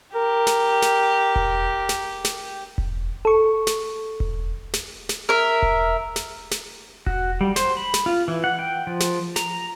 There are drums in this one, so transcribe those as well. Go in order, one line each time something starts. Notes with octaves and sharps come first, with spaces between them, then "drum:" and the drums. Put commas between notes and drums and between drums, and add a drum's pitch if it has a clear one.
G4 A#4
drum: snare
drum: snare
drum: kick E1
drum: snare
drum: snare
drum: kick E1
A4 C#6
drum: snare
drum: kick E1
drum: snare
drum: snare
A#4 E5
drum: kick E1
drum: snare
drum: snare
F#4, drum: kick E1
G3
C5, drum: snare
B5
drum: snare
F4
E3
F#5
G5
F3
drum: snare
A#5, drum: snare